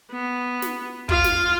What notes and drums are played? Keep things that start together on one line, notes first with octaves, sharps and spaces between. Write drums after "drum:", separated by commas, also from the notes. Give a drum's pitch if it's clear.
B3
drum: snare
F4 F5, drum: kick
drum: snare